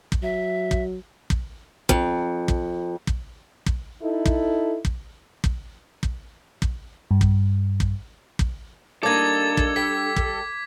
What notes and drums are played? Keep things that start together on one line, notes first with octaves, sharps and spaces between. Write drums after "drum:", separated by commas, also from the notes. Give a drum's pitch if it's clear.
drum: kick
F#3 E5
drum: kick
drum: kick
F2, drum: kick
drum: kick
drum: kick
drum: kick
D#4 E4 A4
drum: kick
drum: kick
drum: kick
drum: kick
drum: kick
G2
drum: kick
drum: kick
drum: kick
G3 A#3 D4 D#4 A4 D6 G#6
drum: kick
G3 G5 B6
drum: kick